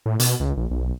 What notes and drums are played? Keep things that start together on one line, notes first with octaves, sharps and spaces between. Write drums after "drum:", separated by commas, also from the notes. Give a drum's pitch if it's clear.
A2
B2, drum: hi-hat
C#2
A#1
B1